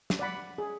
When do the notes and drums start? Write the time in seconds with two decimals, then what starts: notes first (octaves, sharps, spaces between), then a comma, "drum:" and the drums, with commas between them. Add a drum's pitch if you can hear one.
0.10 drum: snare
0.19 D5 F#5 B5
0.58 G#4